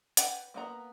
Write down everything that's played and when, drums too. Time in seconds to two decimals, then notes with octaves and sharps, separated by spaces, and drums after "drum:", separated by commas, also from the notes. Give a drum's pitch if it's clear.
0.17 B4 F#5 G5, drum: hi-hat
0.54 A#3 B3 A#5